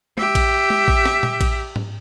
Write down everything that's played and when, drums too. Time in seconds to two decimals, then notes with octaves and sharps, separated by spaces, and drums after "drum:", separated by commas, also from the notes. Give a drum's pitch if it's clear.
0.18 G4 E5, drum: tom G#3
0.35 drum: kick A#1, cymbal
0.70 drum: tom G#3
0.88 drum: kick A#1
1.05 drum: snare
1.23 drum: tom A#2
1.41 drum: kick A#1, cymbal
1.76 drum: tom G#2